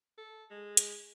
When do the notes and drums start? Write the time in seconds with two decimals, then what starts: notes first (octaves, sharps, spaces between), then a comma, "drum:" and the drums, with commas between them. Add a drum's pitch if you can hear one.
0.18 A4
0.51 G#3
0.77 drum: hi-hat